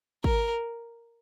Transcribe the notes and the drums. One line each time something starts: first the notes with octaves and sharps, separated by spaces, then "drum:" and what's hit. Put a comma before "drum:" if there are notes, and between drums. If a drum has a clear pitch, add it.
A#4, drum: kick